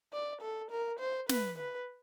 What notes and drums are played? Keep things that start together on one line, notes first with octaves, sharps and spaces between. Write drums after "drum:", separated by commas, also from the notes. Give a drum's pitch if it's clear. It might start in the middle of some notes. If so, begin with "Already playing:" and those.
D5
A4
A#4
C5
B4, drum: snare
B4